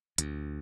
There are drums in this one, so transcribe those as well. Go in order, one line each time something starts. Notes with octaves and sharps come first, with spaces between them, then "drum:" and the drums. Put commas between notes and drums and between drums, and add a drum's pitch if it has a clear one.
D2, drum: hi-hat